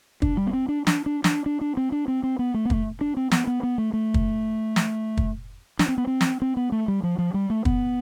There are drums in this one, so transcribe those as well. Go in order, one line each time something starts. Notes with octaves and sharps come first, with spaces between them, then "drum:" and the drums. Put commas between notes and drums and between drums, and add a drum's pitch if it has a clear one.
D4, drum: kick
G3
B3
C4
D4
D4, drum: snare
D4
D4, drum: snare
D4
D4
C4
D4
C4
C4
B3
A3
B3
A3, drum: kick
D4
C4
B3, drum: snare
B3
B3
A3
A3
drum: kick
drum: snare
drum: kick
D4, drum: snare
C4
B3
C4
drum: snare
C4
B3
A3
G3
F3
F3
G3
A3
B3, drum: kick